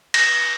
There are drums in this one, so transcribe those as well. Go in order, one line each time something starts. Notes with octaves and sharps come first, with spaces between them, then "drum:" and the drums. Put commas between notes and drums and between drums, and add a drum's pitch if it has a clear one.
A#6, drum: cymbal